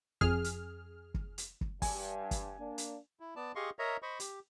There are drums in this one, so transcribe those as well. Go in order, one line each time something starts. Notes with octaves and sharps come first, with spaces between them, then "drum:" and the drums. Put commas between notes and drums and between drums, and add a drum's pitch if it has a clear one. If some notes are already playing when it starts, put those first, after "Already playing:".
F2 G#4 F6, drum: kick
drum: hi-hat
drum: kick
drum: hi-hat
drum: kick
G2 G#5, drum: kick, open hi-hat
drum: kick, hi-hat
A#3 D4
drum: hi-hat
E4
B3 D5 A5
G4 G#4 D#5 F5 C6 C#6
A#4 C#5 D#5 E5 A#5
C5 D#5 B5 C#6
G4, drum: hi-hat